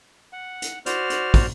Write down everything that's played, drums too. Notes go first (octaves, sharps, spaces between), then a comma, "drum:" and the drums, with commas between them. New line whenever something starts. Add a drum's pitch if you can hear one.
F#5
drum: hi-hat
F#4 C5 D5 F6, drum: hi-hat
drum: hi-hat
drum: kick, open hi-hat